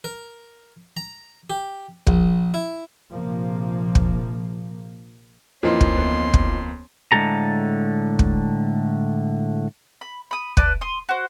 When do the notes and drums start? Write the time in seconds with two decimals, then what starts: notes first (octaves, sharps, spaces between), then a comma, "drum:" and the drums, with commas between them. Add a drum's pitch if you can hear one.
0.04 A#4
0.97 A#5
1.50 G4
2.07 A#1, drum: kick
2.54 E4
3.12 A#1 C3 F3 A#3
3.95 drum: kick
5.63 F2 E3 F3 A#3 C#4 D#4 C6
5.81 drum: kick
5.97 D2 B3
6.34 drum: kick
7.12 A2 D3 G#3 G#4 A4 A#5
8.19 drum: kick
10.01 B5
10.31 B5 D#6
10.57 B4 D5 A5, drum: kick
10.81 C6 D#6
11.09 F#4 C5